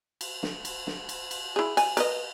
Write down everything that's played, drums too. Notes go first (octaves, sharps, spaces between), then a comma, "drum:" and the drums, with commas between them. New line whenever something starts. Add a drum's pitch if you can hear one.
drum: cymbal
drum: snare
drum: cymbal
drum: snare
drum: cymbal
drum: cymbal
E4 G#4
G#5, drum: cymbal
A#4 B4 D#5, drum: cymbal